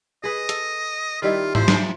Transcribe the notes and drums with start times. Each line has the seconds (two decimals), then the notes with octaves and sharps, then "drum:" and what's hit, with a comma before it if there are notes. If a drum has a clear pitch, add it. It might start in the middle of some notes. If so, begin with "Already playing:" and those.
0.24 G#4 B4 D#5
0.49 A4, drum: hi-hat
1.22 D#3 G3 E4 F4
1.55 F3 E4 C5, drum: tom G#2
1.68 drum: snare